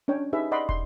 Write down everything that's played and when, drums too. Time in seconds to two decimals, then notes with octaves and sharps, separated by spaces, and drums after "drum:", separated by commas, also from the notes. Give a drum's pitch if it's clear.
0.08 C#4 D4 C#5 G5
0.33 D#4 G4 G#4 B4 E5
0.52 D5 D#5 F#5 B5 C6 D6
0.69 C6, drum: kick